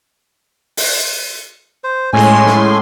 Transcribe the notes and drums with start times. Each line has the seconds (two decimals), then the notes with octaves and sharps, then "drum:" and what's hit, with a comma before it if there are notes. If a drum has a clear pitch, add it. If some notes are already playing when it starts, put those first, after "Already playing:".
0.77 drum: open hi-hat
1.84 C5
2.13 A2 G#3 C#4 G#5 C6
2.46 drum: snare